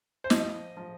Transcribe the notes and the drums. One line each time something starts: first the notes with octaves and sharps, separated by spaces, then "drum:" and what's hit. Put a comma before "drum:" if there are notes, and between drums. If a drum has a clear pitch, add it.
C5
F3 D#5, drum: snare
F3